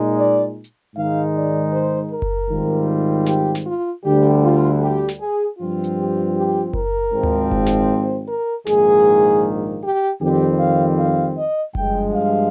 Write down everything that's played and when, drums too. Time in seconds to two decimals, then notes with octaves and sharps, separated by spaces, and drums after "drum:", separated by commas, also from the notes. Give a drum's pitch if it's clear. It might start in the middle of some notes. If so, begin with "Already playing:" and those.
Already playing: A#2 G#3 D#4
0.18 D5
0.64 drum: hi-hat
0.95 G#2 D#3 G#3 D#4 F5
1.34 D5
1.72 C5
2.11 A#4
2.22 drum: kick F#1
2.50 G#2 D#3 G3 C4 F4
3.26 G4, drum: snare
3.55 drum: snare
3.65 F4
4.03 D2 D3 G3 G4
4.42 F4
4.81 G4
5.08 drum: snare
5.20 G#4
5.58 G2 F3 C4 F4
5.84 drum: hi-hat
5.97 G4
6.35 G4
6.73 A#4, drum: kick F#1
7.12 G#1 G#2 F3 C4
7.23 drum: tom D2
7.51 drum: kick F#1
7.66 drum: snare
7.89 C5
8.28 A#4
8.66 A#1 G#2 D#3 A#3 G#4, drum: snare
9.82 G4
10.21 F2 D#3 G3 C4 G4
10.59 F5
10.98 F5
11.36 D#5
11.75 G2 F3 G#3 G5, drum: kick F#1
12.14 F5